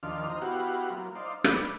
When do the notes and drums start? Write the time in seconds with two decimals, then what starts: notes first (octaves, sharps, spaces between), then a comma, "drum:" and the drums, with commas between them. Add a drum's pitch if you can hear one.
0.03 D#2 D#3 F3 D4 F4 F6
0.30 C5 D#5 A#5
0.42 B3 E4 F#4 G4 F5 F#5
0.90 F#3 A#3 F4
1.15 D#4 C5 D5 F5
1.44 B4 D5, drum: rim click